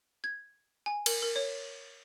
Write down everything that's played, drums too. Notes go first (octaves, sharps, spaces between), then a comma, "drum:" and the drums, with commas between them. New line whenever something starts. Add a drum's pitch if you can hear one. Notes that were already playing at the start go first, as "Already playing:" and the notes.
G#6
G#5
A#4, drum: cymbal
A#4
C#5